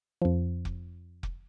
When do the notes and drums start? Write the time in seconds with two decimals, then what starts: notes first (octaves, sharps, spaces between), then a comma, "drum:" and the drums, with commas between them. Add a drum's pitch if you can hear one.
0.22 F2 F3
0.65 drum: kick F1
1.23 drum: kick F1